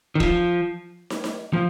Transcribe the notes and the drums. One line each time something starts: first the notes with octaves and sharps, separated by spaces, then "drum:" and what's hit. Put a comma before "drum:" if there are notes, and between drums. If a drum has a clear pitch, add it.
D#3
F3, drum: kick
drum: snare
drum: snare
F3